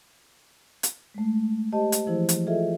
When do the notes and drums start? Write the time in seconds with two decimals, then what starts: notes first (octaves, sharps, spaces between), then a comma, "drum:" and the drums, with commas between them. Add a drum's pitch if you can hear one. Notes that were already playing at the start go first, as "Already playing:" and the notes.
0.83 drum: hi-hat
1.14 G#3 A3
1.72 G4 C5 D#5 A5
1.92 drum: hi-hat
2.07 E3 F3 E4 G#4 C5
2.29 drum: hi-hat
2.47 F4 G#4 A4 D#5 E5